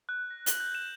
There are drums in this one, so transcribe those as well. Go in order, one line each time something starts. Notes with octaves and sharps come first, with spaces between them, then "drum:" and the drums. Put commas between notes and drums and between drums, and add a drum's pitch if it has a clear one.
F#6
A#6
F#7, drum: hi-hat
G6
E7